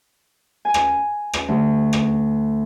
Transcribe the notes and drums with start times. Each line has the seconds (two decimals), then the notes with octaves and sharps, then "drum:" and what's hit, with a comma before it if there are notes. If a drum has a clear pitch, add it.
0.65 G#5
0.74 drum: rim click
1.33 drum: rim click
1.48 D2
1.93 drum: rim click